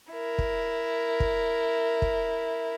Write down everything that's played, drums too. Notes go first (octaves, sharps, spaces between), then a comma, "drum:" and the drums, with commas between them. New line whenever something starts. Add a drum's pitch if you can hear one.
E4 A#4
drum: kick
drum: kick
drum: kick